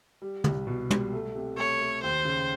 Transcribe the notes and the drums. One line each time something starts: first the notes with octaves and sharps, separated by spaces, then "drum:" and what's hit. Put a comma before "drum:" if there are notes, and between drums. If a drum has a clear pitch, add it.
G3
C2, drum: tom
B2
G3, drum: tom
A3
C3
A3 C#5
A3
D#2 C5
C#3